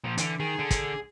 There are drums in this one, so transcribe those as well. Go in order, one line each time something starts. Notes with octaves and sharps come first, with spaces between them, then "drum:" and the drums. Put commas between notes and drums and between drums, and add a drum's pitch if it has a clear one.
A#2 F3
D3 E3, drum: hi-hat
D#3 G#4
D3
drum: kick, hi-hat